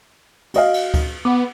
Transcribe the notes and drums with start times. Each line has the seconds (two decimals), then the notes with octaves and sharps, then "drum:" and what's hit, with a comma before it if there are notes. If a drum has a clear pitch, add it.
0.54 F#4 D#5 F5, drum: cymbal
0.74 drum: cymbal
0.94 drum: kick D2, cymbal
1.25 B3 D6